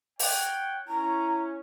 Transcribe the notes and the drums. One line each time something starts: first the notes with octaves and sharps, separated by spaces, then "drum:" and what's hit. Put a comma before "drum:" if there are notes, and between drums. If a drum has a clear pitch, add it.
C#5 F#5 G5, drum: open hi-hat
C#4 E4 A#5